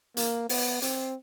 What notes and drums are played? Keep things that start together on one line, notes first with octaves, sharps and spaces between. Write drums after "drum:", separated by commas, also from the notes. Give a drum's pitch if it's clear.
A#3, drum: hi-hat
B3, drum: open hi-hat
C4, drum: hi-hat